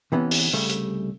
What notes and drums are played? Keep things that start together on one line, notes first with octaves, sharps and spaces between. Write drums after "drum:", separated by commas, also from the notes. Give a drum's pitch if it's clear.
C3 E3 B3 C#4
drum: open hi-hat
C2 C#3 G3 A3
drum: hi-hat